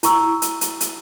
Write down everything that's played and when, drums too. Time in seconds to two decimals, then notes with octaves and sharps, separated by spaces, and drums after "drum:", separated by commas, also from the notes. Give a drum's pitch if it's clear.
0.03 E4 A#5 C#6 E6, drum: hi-hat
0.42 drum: hi-hat
0.61 drum: hi-hat
0.81 drum: hi-hat